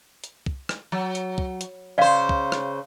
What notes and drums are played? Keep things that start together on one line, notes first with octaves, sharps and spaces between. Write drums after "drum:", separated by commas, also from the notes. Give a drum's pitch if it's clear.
drum: hi-hat
drum: kick
drum: rim click
F#3
drum: hi-hat
drum: kick
drum: hi-hat
C#3 C5 D5 F5
drum: kick
drum: rim click